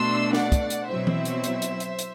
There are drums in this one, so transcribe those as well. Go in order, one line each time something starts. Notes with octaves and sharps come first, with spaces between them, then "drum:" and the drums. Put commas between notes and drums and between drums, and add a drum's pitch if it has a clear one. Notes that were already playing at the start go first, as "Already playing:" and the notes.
Already playing: B2 A3 D4 C6 E6
D5 F#5, drum: snare
drum: kick, hi-hat
drum: hi-hat
B2 F#3 C4 E4 C5 E5
drum: tom E3
drum: hi-hat
drum: hi-hat
drum: hi-hat
drum: hi-hat
drum: hi-hat